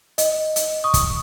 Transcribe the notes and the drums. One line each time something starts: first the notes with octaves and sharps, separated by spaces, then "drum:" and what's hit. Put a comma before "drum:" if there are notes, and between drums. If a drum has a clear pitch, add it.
D#5, drum: hi-hat
drum: hi-hat
C#6 D#6
drum: kick, hi-hat